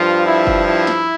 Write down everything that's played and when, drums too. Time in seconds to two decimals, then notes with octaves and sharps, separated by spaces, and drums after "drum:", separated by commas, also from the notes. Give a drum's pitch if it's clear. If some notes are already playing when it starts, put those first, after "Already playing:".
Already playing: G2 F3 F4
0.27 E4
0.47 drum: kick F#1
0.67 E4
0.87 drum: snare